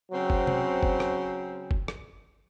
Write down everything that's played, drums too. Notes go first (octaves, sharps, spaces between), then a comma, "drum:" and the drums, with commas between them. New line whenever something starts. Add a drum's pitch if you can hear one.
C#3 F#3 C4
drum: kick F#1
drum: tom C3
drum: kick F#1
drum: rim click
drum: kick F#1
drum: rim click